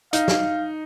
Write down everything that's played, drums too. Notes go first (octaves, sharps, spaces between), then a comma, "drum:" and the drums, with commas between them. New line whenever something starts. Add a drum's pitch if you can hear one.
D#4 F5, drum: hi-hat
drum: snare